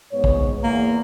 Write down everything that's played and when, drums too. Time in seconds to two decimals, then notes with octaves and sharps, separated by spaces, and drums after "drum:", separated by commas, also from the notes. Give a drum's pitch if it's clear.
0.12 G#2 B3 C#5
0.24 drum: kick
0.63 E2 A#3